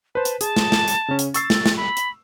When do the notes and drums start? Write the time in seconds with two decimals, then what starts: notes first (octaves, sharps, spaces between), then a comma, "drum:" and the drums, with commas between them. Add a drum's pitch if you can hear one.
0.15 B4 C5 A5
0.25 drum: hi-hat
0.41 G#4 A5, drum: hi-hat
0.56 drum: snare
0.72 drum: snare
0.88 drum: hi-hat
1.08 C#3 C#4
1.19 drum: hi-hat
1.34 C#6 E6 A6 C7, drum: hi-hat
1.50 drum: snare
1.66 drum: snare
1.77 B5
1.97 drum: hi-hat